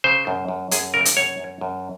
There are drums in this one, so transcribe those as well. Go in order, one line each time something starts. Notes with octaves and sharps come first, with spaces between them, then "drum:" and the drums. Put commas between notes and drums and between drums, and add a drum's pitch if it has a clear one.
C#3 C5
F#2
F#2
F#2 G#4, drum: hi-hat
C#3 A#4
drum: hi-hat
F#2 C#5
F#2
F#2